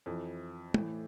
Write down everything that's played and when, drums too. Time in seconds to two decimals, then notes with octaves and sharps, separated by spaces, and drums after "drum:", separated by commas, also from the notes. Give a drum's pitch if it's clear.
0.06 F2 E3
0.74 A2 E3, drum: tom